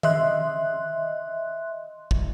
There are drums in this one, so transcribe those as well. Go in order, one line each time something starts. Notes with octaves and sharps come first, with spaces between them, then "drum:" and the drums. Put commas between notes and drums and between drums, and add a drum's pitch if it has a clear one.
D#5 E5 C6 F#6, drum: tom D#3
drum: kick